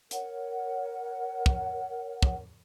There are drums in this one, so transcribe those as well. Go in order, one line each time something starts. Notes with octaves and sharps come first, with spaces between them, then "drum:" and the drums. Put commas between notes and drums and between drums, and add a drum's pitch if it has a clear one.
A#4 C#5 F#5, drum: hi-hat
drum: kick
drum: kick